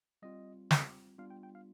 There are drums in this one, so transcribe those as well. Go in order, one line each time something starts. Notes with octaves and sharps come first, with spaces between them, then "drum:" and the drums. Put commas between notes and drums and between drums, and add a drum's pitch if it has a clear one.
G3 C4 F4 D#5
drum: snare
G3 B3 D4 F4 F5
G5
G5
F5